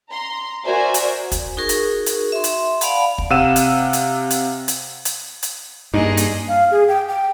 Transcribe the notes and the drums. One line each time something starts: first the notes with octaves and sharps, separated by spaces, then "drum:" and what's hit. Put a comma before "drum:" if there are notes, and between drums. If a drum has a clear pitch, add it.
A#5 C6
F#4 A#4 C5 D5 E5 G#5
drum: hi-hat
drum: kick, hi-hat
D#4 F#4 G#4 A#4 C#6
drum: hi-hat
drum: hi-hat
E5 C6
drum: hi-hat
D5 F5 F#5 A5 B5, drum: hi-hat
drum: kick
C3 F5 F#5 E6 D#7 E7
drum: hi-hat
drum: hi-hat
drum: hi-hat
drum: hi-hat
drum: hi-hat
drum: hi-hat
G2 A#3 D#4 G#4 D#5
drum: hi-hat
F5
G#4
G5
G5